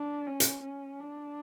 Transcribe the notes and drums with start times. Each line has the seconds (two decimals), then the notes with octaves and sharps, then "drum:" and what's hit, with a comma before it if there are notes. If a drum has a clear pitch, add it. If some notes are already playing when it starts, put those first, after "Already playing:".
Already playing: D4
0.26 C#4
0.40 drum: hi-hat
0.62 C#4
1.00 D4